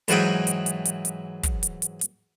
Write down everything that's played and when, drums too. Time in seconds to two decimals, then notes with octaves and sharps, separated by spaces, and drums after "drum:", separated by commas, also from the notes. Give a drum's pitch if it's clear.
0.08 G#2 E3 F#3 E4 G#4 G5, drum: hi-hat
0.47 drum: hi-hat
0.66 drum: hi-hat
0.85 drum: hi-hat
1.05 drum: hi-hat
1.43 drum: kick, hi-hat
1.63 drum: hi-hat
1.82 drum: hi-hat
2.01 drum: hi-hat